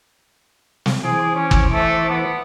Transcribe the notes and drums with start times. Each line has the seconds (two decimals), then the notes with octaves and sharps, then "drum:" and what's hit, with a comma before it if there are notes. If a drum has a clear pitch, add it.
0.86 drum: snare
1.04 E3 G#4 C5 D6
1.35 C#4
1.51 drum: kick G1
1.72 A3
2.09 B3